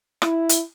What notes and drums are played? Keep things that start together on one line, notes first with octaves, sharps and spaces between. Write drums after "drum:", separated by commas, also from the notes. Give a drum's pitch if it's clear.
E4, drum: rim click
drum: hi-hat